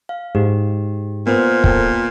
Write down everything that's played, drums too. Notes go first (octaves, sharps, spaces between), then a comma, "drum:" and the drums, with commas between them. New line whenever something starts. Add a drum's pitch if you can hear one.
F5
G#2 G4
A#2 B3 A#4 C5
A4 G5, drum: kick